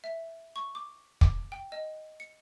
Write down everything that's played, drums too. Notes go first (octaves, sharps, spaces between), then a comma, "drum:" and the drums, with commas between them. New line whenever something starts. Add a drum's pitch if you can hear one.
E5
C#6
D6
D6, drum: kick
G5
D#5
C#7